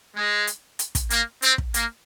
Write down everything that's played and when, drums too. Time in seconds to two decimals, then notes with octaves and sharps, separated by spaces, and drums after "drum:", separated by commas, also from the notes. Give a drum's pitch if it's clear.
0.16 G#3
0.47 drum: hi-hat
0.79 drum: hi-hat
0.95 drum: kick, hi-hat
1.10 A#3, drum: hi-hat
1.42 C4, drum: hi-hat
1.58 drum: kick
1.74 A#3, drum: hi-hat